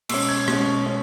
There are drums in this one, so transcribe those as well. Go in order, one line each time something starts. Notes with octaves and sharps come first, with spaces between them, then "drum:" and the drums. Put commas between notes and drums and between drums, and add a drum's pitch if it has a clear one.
B2 G#3 C#4 E6, drum: cymbal
G#6
B2 G#3 C#4, drum: rim click
C#4